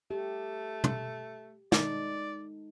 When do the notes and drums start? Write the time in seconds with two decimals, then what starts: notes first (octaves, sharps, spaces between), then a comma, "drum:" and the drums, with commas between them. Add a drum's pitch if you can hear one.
0.11 A3 G4
0.84 drum: tom
1.72 G#3 D#4 A4 D5, drum: snare